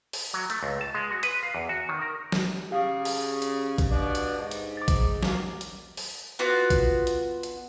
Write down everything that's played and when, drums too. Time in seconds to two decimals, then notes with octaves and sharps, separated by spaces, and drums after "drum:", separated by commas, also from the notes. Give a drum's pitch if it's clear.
0.13 drum: open hi-hat
0.34 F#3
0.50 A3, drum: hi-hat
0.63 C#2
0.81 A5
0.95 G#3
1.12 F#4
1.23 B4, drum: hi-hat
1.43 F5
1.55 E2
1.69 F#4
1.89 D#3
2.01 A#4
2.32 drum: snare
2.71 C#3 G4 G#4 F5
3.05 drum: open hi-hat
3.42 drum: hi-hat
3.78 drum: kick A1, hi-hat
3.91 B2 D4
4.15 drum: hi-hat
4.37 G#2
4.51 drum: hi-hat
4.77 D6 A6
4.88 drum: kick A1, hi-hat
5.23 D#3 F#3 A#3, drum: snare
5.61 drum: hi-hat
5.97 drum: open hi-hat
6.39 B3 F4 F#4 D6
6.70 drum: kick A1, hi-hat
7.07 drum: hi-hat
7.43 drum: hi-hat